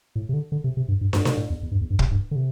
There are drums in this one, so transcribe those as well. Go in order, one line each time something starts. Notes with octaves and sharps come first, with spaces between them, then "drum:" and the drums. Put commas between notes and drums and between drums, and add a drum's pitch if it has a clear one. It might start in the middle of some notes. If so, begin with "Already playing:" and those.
A2
C3
D3
D3
C3
C3
G2
G2
G2, drum: snare
C3, drum: snare
A2
E2
E2
G2
E2
G2
C3, drum: kick
G2
D3
C3